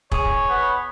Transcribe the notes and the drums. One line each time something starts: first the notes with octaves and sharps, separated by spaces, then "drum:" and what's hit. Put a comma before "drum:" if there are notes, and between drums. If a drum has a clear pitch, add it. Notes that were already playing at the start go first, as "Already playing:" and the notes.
G#4 C#5, drum: kick
B3 B5